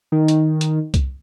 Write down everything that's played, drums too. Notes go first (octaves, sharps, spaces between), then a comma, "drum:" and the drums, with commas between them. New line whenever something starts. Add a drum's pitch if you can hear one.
D#3
drum: hi-hat
drum: hi-hat
drum: kick C2, hi-hat